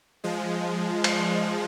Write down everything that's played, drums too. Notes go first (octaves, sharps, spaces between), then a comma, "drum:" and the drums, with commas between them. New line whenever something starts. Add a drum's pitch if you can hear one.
F3 G#3
F3 G#3, drum: cymbal